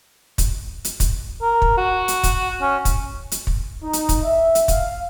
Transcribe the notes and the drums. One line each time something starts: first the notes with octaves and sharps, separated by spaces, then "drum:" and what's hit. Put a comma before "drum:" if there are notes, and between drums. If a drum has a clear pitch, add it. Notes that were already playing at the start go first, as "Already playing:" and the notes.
drum: kick, hi-hat
drum: hi-hat
drum: kick, hi-hat
A#4
drum: kick
F#4
drum: hi-hat
drum: kick, hi-hat
C#4
drum: kick, hi-hat
drum: hi-hat
drum: kick
D#4
drum: hi-hat
drum: kick, hi-hat
E5
drum: hi-hat
F5, drum: kick, hi-hat